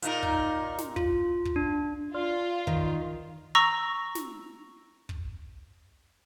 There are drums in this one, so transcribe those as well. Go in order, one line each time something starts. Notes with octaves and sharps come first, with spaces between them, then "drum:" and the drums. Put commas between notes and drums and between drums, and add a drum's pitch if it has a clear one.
A#2 D#4 A#4, drum: hi-hat
drum: kick
drum: snare
F4, drum: kick
drum: kick
D4
F4 D5 C6 F6
D#3, drum: kick
A#5 C#6 E6 A#6
drum: snare
drum: kick